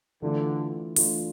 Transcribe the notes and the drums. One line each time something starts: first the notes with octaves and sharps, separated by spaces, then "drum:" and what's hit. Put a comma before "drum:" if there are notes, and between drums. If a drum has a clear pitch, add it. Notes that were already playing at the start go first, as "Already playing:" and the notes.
D3 E3 A3 D4 F4
E3 A3 D4 F4, drum: open hi-hat